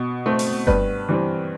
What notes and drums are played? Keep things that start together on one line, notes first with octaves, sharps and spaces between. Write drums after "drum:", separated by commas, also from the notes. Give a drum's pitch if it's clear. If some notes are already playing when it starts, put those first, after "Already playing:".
Already playing: B2
A3 C4
drum: open hi-hat
G2 B4, drum: kick F#1
E3 G3 C4